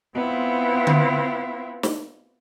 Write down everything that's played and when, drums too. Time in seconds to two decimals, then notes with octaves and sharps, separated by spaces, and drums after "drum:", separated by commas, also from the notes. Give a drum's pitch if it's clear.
0.14 B3 C4 E4 F4
0.87 drum: tom D3
1.83 drum: snare